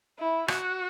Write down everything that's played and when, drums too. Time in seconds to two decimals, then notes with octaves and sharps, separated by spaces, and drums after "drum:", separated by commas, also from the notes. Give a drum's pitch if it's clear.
0.19 E4
0.48 F#4, drum: rim click